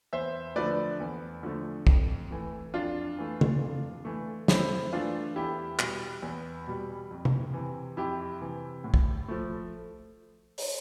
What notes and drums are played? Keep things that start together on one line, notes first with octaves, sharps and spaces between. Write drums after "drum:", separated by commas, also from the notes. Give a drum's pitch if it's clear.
E2 C5 E5
D3 F3 A3 B4 D5
E2
D3 F3 A3
F2, drum: kick
E3 A3
F2 D4 F4
E3 A3
drum: tom C#3
F2
E3 A3
F2 C4 E4, drum: snare
E3 A3 D4 F4
E2 E4 G4
B2 G3, drum: clap
E2
B2 G3
F2
drum: tom
C3 E3
F2 E4 G4
C3 E3
A2
drum: kick
F3 A3
drum: open hi-hat